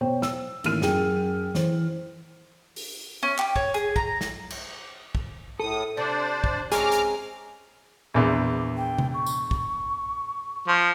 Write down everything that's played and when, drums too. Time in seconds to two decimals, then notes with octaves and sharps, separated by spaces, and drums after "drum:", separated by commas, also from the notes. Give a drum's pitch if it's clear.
0.01 B2 C5 C#5 G5
0.22 E6, drum: snare
0.64 A1 D#3 A#3 F6 D#7, drum: cymbal
0.82 F#2 F#3 G#4 G5, drum: snare
1.55 E3 C5, drum: snare
2.76 drum: open hi-hat
3.23 C#4
3.38 G4, drum: clap
3.56 C#5, drum: kick
3.74 G#4, drum: hi-hat
3.96 A#5, drum: kick
4.21 drum: snare
4.50 drum: cymbal
5.15 drum: kick
5.60 A2 A4 D#6
5.97 C3 D4 C5 D5
6.44 drum: kick
6.72 G#3 C4 C#4 G#4 A#5 D6 F6, drum: hi-hat
6.92 drum: hi-hat
8.14 A#1 E2 D6
8.77 G5
8.98 drum: tom C3
9.14 C#6
9.26 drum: tambourine
9.51 drum: kick
10.68 F3